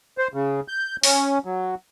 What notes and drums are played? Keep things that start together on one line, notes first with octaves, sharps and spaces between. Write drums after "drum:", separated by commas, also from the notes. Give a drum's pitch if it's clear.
C5
C#3
G6
C#4, drum: open hi-hat
F#3